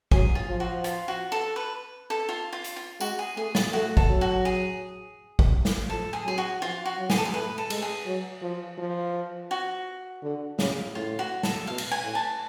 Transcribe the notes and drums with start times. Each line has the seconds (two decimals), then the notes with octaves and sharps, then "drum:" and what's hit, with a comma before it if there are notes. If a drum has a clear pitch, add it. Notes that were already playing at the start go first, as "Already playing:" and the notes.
0.11 F#3 G#4, drum: kick
0.35 F4
0.48 F3
0.60 F#4
0.84 F4, drum: hi-hat
1.08 F#4
1.32 A4
1.56 B4
2.10 A4
2.29 F4
2.53 F4
2.64 drum: hi-hat
2.76 F4
3.00 G#3 F#4, drum: tambourine
3.19 G#4
3.37 A3 G#4
3.55 F4, drum: snare
3.73 A3 F#4
3.97 A4, drum: kick
4.09 F#3
4.21 F#4
4.45 G#4
5.39 drum: kick
5.65 drum: snare
5.89 F3 A4
6.13 G#4
6.26 F#3 G#4
6.38 F#4
6.62 F3 F4
6.85 F#4
6.98 F#3
7.10 G#4, drum: snare
7.18 A4
7.25 G#4
7.34 A3 B4
7.58 A4
7.70 G#3, drum: cymbal
7.82 G#4
8.06 F#3
8.42 F3
8.78 F3
9.51 F#4
10.23 D3
10.59 C#3, drum: snare
10.95 A2 F4
11.19 F#4
11.43 A4, drum: snare
11.67 B2 F5
11.78 drum: cymbal
11.91 G#5
12.03 A2
12.15 A5